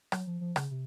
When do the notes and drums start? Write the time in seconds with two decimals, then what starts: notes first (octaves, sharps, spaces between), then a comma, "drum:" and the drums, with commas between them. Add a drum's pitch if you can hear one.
0.12 F#3, drum: rim click
0.27 F3
0.41 F3
0.56 C#3, drum: rim click
0.71 C3